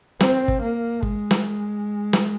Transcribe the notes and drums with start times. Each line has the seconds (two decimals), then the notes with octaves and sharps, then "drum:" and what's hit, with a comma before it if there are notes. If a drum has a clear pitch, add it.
0.20 C4, drum: snare
0.48 drum: kick
0.62 A#3
1.03 G#3, drum: kick
1.31 drum: snare
2.13 drum: snare